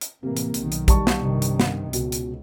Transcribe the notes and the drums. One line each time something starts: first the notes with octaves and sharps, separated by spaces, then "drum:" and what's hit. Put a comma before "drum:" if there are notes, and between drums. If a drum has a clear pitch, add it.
drum: hi-hat
A2 C3 E3 A#3
drum: hi-hat
B1 D#3, drum: hi-hat
drum: hi-hat
G3 A5 C#6, drum: kick A#1, hi-hat
drum: snare
G2 C3 D#3
drum: hi-hat
drum: snare
C#2 B2, drum: hi-hat
drum: hi-hat